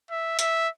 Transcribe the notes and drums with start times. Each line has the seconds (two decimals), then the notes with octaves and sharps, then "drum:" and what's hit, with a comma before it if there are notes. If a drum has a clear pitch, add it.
0.10 E5
0.39 E5, drum: hi-hat